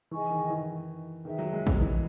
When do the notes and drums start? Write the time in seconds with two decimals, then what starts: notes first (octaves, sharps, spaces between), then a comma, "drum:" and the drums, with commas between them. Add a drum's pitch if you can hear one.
0.11 E3 G#4 D#5 G#5 C#6
0.30 D#3
0.50 E3
1.25 D#3 G#4 B4 E5
1.39 F#3
1.53 G#3
1.67 F#3, drum: kick A1
1.81 E3